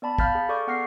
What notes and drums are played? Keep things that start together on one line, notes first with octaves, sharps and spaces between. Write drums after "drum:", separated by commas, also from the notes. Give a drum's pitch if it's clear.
B3 D5 A5 B5
F5 B5 F6 G6 A6 B6, drum: kick
G#4
G#4 A4 D5 C#6 D6 G6
B3 F#5 F6 A#6 C7